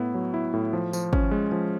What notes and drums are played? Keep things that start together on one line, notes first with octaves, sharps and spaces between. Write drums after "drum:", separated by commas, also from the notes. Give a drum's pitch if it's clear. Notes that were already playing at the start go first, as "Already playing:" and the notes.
Already playing: A2 B3 E4
F#3
E4
A2
F3
F3, drum: tambourine
C#4, drum: kick
G#3
F3